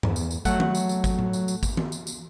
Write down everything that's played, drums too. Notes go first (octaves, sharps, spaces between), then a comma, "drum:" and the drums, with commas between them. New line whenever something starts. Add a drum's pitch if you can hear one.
E2, drum: tom G2
drum: tambourine
drum: tambourine
F#3 A3 F#5, drum: kick, tambourine
drum: tom D#3
drum: tambourine
drum: tambourine
drum: kick, tambourine
drum: tom A2
drum: tambourine
drum: tambourine
drum: kick, tambourine
drum: tom D#3
drum: tambourine
drum: tambourine